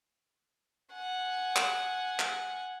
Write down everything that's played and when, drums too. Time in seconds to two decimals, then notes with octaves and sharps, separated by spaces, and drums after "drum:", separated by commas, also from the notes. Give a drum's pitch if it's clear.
0.93 F#5 G#5
1.56 drum: clap
2.19 drum: clap